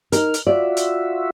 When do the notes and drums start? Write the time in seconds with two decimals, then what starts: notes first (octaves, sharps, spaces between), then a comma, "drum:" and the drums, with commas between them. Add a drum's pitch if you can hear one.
0.12 D#4 A#4 F6, drum: hi-hat
0.34 drum: hi-hat
0.47 F4 F#4 D5 E5
0.77 drum: hi-hat